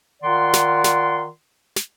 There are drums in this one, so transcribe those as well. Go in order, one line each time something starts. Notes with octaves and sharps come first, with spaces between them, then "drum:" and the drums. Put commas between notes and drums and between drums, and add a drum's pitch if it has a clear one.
D#3 F4 D5 F#5 C6
drum: snare
drum: snare
drum: snare